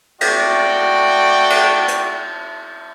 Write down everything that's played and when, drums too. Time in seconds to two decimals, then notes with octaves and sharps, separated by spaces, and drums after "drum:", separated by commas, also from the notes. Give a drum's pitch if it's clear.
0.21 A3 F#4 D5 G5, drum: cymbal
1.50 drum: cymbal
1.88 drum: hi-hat